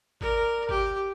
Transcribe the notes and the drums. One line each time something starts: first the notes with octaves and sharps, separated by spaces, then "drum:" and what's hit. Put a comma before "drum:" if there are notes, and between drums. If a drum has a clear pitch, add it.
A#4 D5, drum: kick
G4, drum: kick